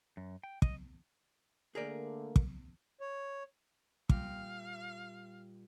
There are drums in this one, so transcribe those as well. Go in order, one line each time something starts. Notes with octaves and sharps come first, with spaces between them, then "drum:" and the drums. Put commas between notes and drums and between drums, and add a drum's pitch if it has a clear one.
F#2
G5
D#5, drum: kick
D3 A3 A#3 G#4 A#4 D5
drum: kick
C#5
A#2 G3 F5 G5, drum: kick